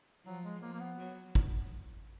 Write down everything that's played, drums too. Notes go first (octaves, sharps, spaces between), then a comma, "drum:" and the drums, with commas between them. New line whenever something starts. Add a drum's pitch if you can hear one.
F3 F#3
G#3
F3 A#3
A#3
B3
F#3
drum: kick